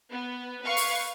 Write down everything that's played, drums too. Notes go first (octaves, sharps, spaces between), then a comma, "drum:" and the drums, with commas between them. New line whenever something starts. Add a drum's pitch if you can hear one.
B3
B4 F5 C#6
drum: open hi-hat